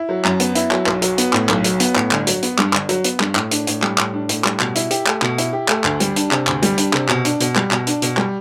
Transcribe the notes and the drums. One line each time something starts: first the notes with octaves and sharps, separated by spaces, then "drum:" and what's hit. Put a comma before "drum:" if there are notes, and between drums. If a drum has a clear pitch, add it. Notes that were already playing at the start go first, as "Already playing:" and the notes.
Already playing: E4
F#3
F#2, drum: clap
B3, drum: hi-hat
E4, drum: hi-hat
F#3, drum: clap
B1, drum: clap
F#3, drum: hi-hat
B3, drum: hi-hat
A2, drum: clap
B1, drum: clap
F#3, drum: hi-hat
B3, drum: hi-hat
A2, drum: clap
G1, drum: clap
F#3, drum: hi-hat
B3, drum: hi-hat
G2, drum: clap
G1, drum: clap
F#3, drum: hi-hat
B3, drum: hi-hat
G2, drum: clap
A2, drum: clap
D4, drum: hi-hat
A2, drum: hi-hat
G3, drum: clap
A2, drum: clap
D4
A2, drum: hi-hat
G3, drum: clap
B2, drum: clap
E4, drum: hi-hat
G4, drum: hi-hat
A3, drum: clap
B2, drum: clap
E4, drum: hi-hat
G4
A3, drum: clap
D2, drum: clap
G3, drum: hi-hat
D4, drum: hi-hat
C3, drum: clap
D2, drum: clap
G3, drum: hi-hat
D4, drum: hi-hat
C3, drum: clap
B2, drum: clap
D4, drum: hi-hat
B2, drum: hi-hat
G3, drum: clap
B2, drum: clap
D4, drum: hi-hat
B2, drum: hi-hat
G3, drum: clap